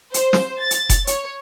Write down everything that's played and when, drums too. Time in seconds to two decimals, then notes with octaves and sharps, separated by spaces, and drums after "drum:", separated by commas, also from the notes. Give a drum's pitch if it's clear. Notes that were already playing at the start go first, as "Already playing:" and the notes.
0.14 C5, drum: hi-hat
0.33 drum: snare
0.60 A6
0.71 drum: hi-hat
0.90 drum: kick F1, hi-hat
1.07 C#5, drum: hi-hat